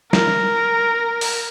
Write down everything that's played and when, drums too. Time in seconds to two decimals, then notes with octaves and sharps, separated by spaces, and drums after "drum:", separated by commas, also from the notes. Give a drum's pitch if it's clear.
0.13 A#4, drum: snare
1.21 drum: open hi-hat